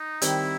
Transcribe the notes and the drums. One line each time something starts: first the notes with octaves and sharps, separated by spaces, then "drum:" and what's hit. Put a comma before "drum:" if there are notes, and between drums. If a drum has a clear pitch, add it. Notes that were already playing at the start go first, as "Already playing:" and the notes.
Already playing: D#4
D#3 G3 C4 E4, drum: hi-hat